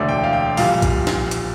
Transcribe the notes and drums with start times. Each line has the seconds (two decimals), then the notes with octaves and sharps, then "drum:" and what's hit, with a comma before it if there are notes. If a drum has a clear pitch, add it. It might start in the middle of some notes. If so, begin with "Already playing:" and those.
Already playing: E1 D2 D3 A3 D5
0.09 G5
0.24 F5
0.33 G5
0.57 A#1 A#2 G3 F5, drum: open hi-hat
0.82 drum: kick A#1, hi-hat
1.07 drum: snare
1.31 drum: hi-hat